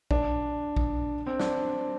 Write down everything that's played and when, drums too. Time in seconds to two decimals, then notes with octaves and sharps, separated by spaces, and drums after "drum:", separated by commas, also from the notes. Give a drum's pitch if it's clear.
0.11 D4, drum: kick A#1
0.77 drum: kick A#1
1.27 C4
1.40 D4, drum: snare